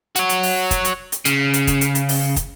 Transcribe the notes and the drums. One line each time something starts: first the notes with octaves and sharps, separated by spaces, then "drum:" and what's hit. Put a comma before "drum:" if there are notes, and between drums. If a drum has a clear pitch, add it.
F#4 C#5, drum: hi-hat
drum: hi-hat
drum: open hi-hat
drum: kick, hi-hat
drum: hi-hat
drum: hi-hat
C#3, drum: hi-hat
drum: hi-hat
drum: kick, hi-hat
drum: hi-hat
drum: hi-hat
drum: open hi-hat
drum: kick, hi-hat